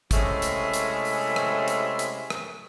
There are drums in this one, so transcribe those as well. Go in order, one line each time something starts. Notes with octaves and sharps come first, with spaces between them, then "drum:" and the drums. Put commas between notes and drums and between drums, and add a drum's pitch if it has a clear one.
C3 G#3 A3 C#4 E4 D#5, drum: kick, hi-hat
drum: hi-hat
drum: hi-hat
drum: open hi-hat
drum: rim click
drum: hi-hat
drum: hi-hat
drum: rim click